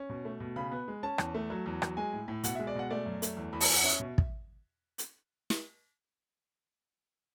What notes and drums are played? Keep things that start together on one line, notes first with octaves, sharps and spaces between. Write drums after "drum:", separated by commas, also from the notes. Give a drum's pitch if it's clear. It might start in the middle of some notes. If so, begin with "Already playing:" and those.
Already playing: C#4
B2
A3
B2
C#3 B5
B3
G#3
C#4 A5
E2, drum: rim click
A3
F#3
E2
F#3, drum: rim click
G#3 G#5
A2
A2
B2 F#5, drum: hi-hat
G#3 E5
D5
B2 F#5
A3 D5
F#2
A3, drum: hi-hat
E2
E2 B5
A5, drum: open hi-hat
E2 G#5
F#5
C#4 E5
B2
drum: kick
drum: hi-hat
drum: snare